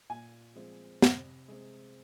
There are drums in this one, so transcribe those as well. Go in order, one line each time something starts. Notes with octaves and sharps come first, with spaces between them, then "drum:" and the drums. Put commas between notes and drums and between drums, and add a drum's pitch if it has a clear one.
A#2 G#5
F3 G#3 C4
C3, drum: snare
G#3 C4